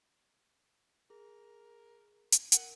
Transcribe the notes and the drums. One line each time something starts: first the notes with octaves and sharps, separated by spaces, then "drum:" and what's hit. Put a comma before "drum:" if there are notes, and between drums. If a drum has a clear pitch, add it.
G#4 A#4
drum: hi-hat
A#4 F#5, drum: hi-hat